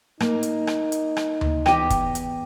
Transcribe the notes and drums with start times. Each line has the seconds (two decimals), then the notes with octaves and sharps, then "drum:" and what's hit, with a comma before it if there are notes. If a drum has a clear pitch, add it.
0.20 A#3 D#4, drum: rim click
0.43 drum: hi-hat
0.67 drum: rim click
0.92 drum: hi-hat
1.17 drum: rim click
1.41 drum: tom D2
1.66 E2 G4 D#5 G5, drum: rim click
1.90 drum: kick, hi-hat
2.15 drum: hi-hat